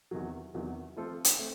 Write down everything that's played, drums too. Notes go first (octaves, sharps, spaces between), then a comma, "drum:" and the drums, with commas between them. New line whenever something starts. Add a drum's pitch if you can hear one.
E2 C3 D#3 F#3
E2 C3 D#3 F#3
F3 A3 C4 F4 A4
drum: hi-hat
A3 C4